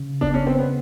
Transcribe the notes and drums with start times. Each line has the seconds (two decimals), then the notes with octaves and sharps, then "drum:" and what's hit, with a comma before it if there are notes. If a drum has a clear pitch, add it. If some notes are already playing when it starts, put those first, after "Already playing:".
Already playing: C#3
0.21 D4, drum: kick F#1
0.34 C#4
0.47 C4
0.59 B3